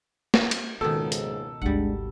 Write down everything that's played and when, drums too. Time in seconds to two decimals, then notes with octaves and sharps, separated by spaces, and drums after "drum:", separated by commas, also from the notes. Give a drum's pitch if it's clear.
0.34 drum: snare
0.51 drum: cymbal
0.81 C#2 G#2 B2 D#3 A#3 A4
1.12 drum: hi-hat
1.62 G#1 D2 G3 G#3 D4 F#5